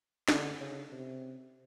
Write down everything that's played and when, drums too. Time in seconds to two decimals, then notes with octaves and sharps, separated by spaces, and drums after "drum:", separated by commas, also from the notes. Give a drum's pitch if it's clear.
0.28 D3, drum: snare
0.60 C#3
0.92 C3